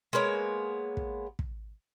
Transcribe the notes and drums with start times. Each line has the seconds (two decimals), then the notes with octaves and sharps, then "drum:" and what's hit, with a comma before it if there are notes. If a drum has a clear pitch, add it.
0.13 G#3 A#3 B3 C#5
0.97 drum: kick
1.39 drum: kick